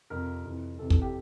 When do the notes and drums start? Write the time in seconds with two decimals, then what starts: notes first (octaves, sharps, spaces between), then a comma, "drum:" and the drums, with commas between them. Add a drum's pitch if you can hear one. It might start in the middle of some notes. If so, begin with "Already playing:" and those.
0.10 F2 C3 F3 A#4
0.45 F2 C3 E3
0.79 F2 C3 E3 A4
0.90 A4, drum: kick
1.02 G4